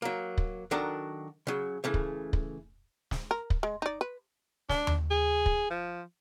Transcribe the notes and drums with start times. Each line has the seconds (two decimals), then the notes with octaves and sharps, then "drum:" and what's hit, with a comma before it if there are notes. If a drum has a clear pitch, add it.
0.02 F#3 A#3
0.38 drum: kick
0.71 D#3 F#3 D4 F#4 A4 A#4
1.47 C#3 F#3
1.84 C#3 E3 A3
1.94 drum: kick
2.33 drum: kick
3.11 drum: snare
3.31 A#4
3.50 drum: kick
3.63 G#3
3.82 D#4 D5
4.01 B4
4.69 D4, drum: snare
4.87 drum: tom D#2
5.11 G#4
5.46 drum: kick
5.70 F3